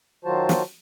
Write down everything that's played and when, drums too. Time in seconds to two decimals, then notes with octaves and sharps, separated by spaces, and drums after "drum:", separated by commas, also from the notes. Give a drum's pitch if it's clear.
0.25 D#3 F#3 F4 F#4 C5 A5
0.49 drum: snare